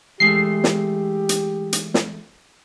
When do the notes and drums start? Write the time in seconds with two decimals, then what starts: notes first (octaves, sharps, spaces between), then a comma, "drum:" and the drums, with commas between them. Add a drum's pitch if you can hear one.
0.20 E3 G#3 A3 G4 C7
0.64 drum: snare
1.29 drum: hi-hat
1.73 drum: hi-hat
1.94 drum: snare